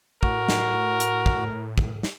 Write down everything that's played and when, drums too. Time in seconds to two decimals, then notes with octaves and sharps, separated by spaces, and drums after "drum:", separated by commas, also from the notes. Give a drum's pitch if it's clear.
0.23 A2 F#4 A#4, drum: kick
0.49 drum: snare
1.00 drum: hi-hat
1.26 drum: kick
1.78 drum: kick
2.03 drum: snare